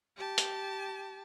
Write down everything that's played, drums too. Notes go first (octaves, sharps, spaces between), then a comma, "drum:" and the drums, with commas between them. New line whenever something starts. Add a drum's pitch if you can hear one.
G4 A5
drum: hi-hat